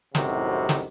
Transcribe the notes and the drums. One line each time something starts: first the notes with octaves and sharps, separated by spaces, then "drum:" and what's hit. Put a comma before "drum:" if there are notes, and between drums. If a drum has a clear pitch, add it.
C2 F#2 A2 C3 D#3 F#4, drum: snare
drum: snare